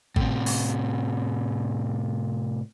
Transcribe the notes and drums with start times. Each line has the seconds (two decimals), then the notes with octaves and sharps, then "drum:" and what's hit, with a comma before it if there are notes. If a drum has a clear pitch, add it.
0.16 A2 C3, drum: kick G#1
0.46 drum: open hi-hat